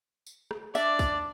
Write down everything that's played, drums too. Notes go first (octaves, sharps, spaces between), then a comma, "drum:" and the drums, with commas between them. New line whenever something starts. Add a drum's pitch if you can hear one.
drum: tambourine
drum: rim click
D4 D5 E5, drum: tambourine
drum: kick, tambourine